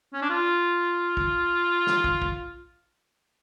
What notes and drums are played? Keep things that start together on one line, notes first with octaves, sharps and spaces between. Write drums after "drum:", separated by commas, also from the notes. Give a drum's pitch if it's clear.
C#4
D4
F4
drum: kick
drum: snare
drum: kick
drum: kick